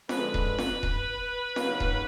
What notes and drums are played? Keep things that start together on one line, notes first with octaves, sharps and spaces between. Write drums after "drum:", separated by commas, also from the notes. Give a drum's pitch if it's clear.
D3 F3 G#3 B4, drum: snare
drum: kick D#1
drum: snare
drum: kick D#1
D#2 C#3 F#3 A#3, drum: snare
drum: kick D#1